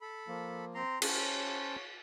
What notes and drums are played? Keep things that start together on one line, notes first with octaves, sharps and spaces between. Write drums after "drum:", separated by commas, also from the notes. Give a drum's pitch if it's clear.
A4 B5
F3 A#3
C4 A#5 C6
C#4 C5 C#5 A5, drum: cymbal